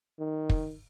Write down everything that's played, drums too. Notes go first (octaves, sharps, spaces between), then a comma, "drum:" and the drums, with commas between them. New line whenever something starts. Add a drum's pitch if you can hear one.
D#3
drum: kick